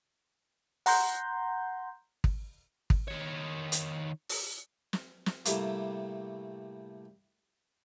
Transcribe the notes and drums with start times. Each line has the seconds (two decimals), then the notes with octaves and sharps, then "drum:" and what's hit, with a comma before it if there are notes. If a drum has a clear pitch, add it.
0.86 F#5 A#5 C6 G6, drum: open hi-hat
2.24 drum: kick
2.90 drum: kick
3.08 D#3 C#5
3.72 drum: hi-hat
4.29 drum: open hi-hat
4.93 drum: snare
5.26 drum: snare
5.45 A2 C3 G3 A3 A#3, drum: hi-hat